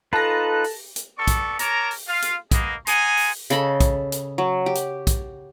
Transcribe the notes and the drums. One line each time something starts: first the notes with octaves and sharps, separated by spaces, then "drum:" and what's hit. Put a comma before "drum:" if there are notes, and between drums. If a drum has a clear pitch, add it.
D#4 F4 A4 B4 A5 F#6 A#6
drum: open hi-hat
drum: hi-hat
B3 A4 D5 C#6
drum: kick, hi-hat
A#4 C#5 A5 A#5 D6, drum: hi-hat
drum: open hi-hat
F4 F5
drum: hi-hat
A#3 B3 G#4 D#5, drum: kick, hi-hat
F#5 G#5 A#5 C6 D#6, drum: hi-hat
drum: open hi-hat
C#3 A4 D#5 B5, drum: hi-hat
drum: kick, hi-hat
drum: hi-hat
F#3
G4
drum: hi-hat
drum: kick, hi-hat